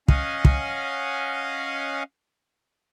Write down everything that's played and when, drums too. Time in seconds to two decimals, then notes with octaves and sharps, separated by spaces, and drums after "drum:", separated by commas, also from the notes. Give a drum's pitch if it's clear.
0.08 C#4 D#5 F5 F#5 G#5, drum: kick
0.45 drum: kick